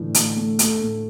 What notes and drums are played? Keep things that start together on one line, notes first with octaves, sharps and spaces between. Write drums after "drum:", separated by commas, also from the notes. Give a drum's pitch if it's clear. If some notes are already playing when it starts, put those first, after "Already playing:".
Already playing: A2 D3 E3 D4
A2, drum: hi-hat
A3
A3, drum: hi-hat
A2